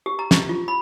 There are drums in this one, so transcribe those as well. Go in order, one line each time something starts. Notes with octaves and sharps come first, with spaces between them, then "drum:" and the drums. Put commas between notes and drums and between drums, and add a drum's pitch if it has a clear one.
G4
A#5
G4, drum: snare
F4
B5